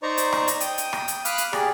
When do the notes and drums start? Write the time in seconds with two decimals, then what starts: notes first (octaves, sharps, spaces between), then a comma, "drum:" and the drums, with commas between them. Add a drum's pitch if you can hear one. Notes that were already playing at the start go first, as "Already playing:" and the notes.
0.03 D#4 C5 D5 A#5 C#6
0.18 drum: hi-hat
0.33 drum: rim click
0.48 drum: hi-hat
0.60 G5 D#6, drum: hi-hat
0.78 drum: hi-hat
0.93 drum: rim click
1.08 drum: hi-hat
1.25 F5 B5 D6 D#6 F6 F#6, drum: hi-hat
1.38 drum: hi-hat
1.53 G4 G#4 D5, drum: rim click